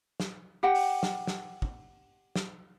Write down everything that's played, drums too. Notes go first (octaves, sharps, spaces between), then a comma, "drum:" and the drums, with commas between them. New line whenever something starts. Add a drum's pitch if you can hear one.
drum: snare
G4 F#5 G5
drum: open hi-hat
drum: snare
drum: snare
drum: kick
drum: snare